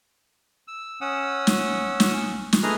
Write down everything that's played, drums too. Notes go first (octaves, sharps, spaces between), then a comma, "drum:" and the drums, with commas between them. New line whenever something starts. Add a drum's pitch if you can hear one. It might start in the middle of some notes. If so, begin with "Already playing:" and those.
E6
C#4 F#5 D#6 E6
drum: snare
drum: snare
drum: snare
A3 G#4 B4 D#5 A#5 F6